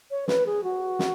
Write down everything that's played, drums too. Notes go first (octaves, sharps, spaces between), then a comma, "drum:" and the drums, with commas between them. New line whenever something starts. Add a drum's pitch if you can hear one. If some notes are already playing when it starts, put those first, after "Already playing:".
C#5
B4, drum: snare
G#4
F#4
drum: snare